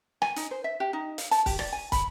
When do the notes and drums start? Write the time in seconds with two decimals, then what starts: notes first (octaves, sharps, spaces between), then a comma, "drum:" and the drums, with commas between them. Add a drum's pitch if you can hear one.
0.22 G#5, drum: rim click
0.36 D#4, drum: hi-hat
0.51 C5
0.64 E5
0.80 G4
0.93 D#4
1.18 F5, drum: hi-hat
1.31 A5, drum: hi-hat
1.46 G4, drum: kick, open hi-hat
1.59 D5, drum: rim click
1.73 G#5
1.92 B5, drum: kick, hi-hat